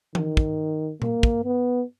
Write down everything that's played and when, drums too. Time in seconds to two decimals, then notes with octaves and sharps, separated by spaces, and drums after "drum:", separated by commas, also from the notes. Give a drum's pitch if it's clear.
0.15 D#3, drum: tom E3
0.37 drum: kick
1.02 A#3, drum: tom A#2
1.23 drum: kick
1.44 B3